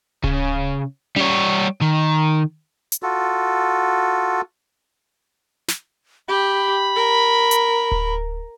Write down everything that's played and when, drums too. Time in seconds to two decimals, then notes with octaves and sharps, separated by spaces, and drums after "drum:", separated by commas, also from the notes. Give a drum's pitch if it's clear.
0.24 C#3, drum: kick D1
1.16 G3 C#5, drum: tom C#4
1.81 D#3
2.92 drum: hi-hat
3.03 F4 F#4 A4
5.68 drum: snare
6.29 G4 B5
6.96 A#4
7.51 drum: hi-hat
7.92 drum: kick D1